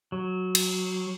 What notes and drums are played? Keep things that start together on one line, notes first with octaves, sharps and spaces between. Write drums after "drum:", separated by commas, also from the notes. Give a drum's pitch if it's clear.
F#3
drum: cymbal